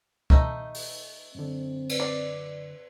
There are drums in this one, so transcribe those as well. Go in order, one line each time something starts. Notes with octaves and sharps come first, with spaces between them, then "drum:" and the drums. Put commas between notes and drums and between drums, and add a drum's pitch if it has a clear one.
A3 D#4, drum: kick
drum: open hi-hat
F#2 D3 C4
drum: cymbal
D5